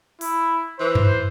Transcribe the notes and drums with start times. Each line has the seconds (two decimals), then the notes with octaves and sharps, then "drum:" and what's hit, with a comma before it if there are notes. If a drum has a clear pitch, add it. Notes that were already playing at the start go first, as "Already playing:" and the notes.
0.21 E4, drum: open hi-hat
0.80 E3 C5
0.95 drum: tom F#2